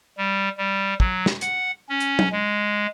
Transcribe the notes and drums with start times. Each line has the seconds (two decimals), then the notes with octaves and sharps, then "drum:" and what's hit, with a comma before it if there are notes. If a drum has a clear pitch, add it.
0.18 G3
0.58 G3
1.00 F#3, drum: kick
1.26 drum: snare
1.41 F#5, drum: hi-hat
1.89 C#4
2.00 drum: hi-hat
2.19 drum: tom
2.32 G#3